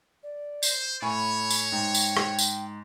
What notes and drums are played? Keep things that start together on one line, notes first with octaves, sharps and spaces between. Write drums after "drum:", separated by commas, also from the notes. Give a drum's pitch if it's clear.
D5
C5, drum: tambourine
A2 C#5 G#5 B5 C#6
drum: tambourine
G#2 G5
drum: tambourine
drum: rim click
drum: tambourine